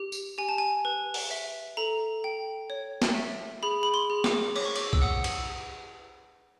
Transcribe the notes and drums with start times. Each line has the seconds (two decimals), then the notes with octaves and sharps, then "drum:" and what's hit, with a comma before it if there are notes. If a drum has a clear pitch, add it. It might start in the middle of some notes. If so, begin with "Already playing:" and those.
Already playing: G4
0.12 drum: tambourine
0.38 G4 G#5
0.49 A5
0.58 G#5
0.85 B4
1.14 drum: open hi-hat
1.31 E5
1.77 A4 A#5
2.24 G5
2.70 C#5
3.02 drum: snare
3.16 E5
3.63 G#4 B5
3.83 B5
3.94 C6
4.10 G#4
4.24 D6, drum: snare
4.56 C#5 D6, drum: cymbal
4.65 C#6
4.76 D6, drum: cymbal
4.93 E6, drum: kick B1
5.01 F#5 D#6
5.24 drum: cymbal